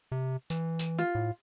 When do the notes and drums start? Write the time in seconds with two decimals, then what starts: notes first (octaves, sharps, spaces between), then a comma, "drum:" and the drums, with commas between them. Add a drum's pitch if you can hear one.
0.12 C3
0.50 E3, drum: tambourine
0.79 drum: tambourine
0.99 F4
1.15 A2